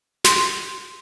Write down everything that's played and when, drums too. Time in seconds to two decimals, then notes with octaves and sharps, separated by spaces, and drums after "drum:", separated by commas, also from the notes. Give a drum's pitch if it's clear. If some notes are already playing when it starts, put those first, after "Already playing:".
0.24 C6, drum: snare